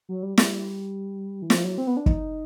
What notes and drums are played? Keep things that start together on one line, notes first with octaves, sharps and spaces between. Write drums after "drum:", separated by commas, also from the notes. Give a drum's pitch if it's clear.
F#3
G3
G3, drum: snare
E3
F3, drum: snare
F#3
C4
B3
D4
D#4, drum: kick